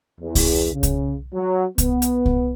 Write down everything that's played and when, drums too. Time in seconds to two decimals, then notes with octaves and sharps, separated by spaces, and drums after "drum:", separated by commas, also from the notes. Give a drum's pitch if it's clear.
0.21 E2
0.35 drum: kick C2, open hi-hat
0.73 C#3
0.83 drum: kick C2, hi-hat
1.34 F#3
1.78 B3, drum: kick C2, hi-hat
2.02 drum: hi-hat
2.26 drum: kick C2